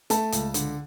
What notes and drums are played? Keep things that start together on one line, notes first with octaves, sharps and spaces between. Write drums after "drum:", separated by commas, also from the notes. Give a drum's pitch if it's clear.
A3 A5, drum: hi-hat
C#2, drum: hi-hat
D3, drum: hi-hat